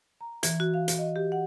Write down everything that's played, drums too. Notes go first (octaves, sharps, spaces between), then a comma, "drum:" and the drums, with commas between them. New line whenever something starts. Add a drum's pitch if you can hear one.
A#5
E3, drum: hi-hat
F#4
F5
drum: hi-hat
D#5
G4
F#5